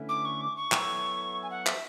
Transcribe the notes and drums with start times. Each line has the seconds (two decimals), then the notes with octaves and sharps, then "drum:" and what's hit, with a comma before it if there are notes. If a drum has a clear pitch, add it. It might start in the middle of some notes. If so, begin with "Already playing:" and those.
Already playing: D3 A3 C#4 E4 B4
0.09 D6
0.25 C#6
0.41 D6
0.56 C#6
0.72 F#3 B3 E4 A4 C#5, drum: clap
1.43 G#5
1.50 F#5
1.66 E5, drum: clap